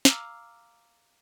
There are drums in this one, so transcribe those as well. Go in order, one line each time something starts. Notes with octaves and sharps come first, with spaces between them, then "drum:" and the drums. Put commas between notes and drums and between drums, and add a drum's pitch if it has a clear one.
F5 A#5 D6 E6 F6, drum: snare